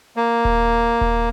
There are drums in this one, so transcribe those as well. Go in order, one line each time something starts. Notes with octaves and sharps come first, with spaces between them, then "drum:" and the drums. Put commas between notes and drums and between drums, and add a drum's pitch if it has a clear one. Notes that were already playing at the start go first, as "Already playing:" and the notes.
A#3
drum: kick D#1
drum: kick D#1